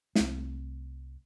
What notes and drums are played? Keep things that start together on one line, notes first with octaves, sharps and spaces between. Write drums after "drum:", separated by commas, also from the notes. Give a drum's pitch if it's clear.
C2 A3 C4, drum: snare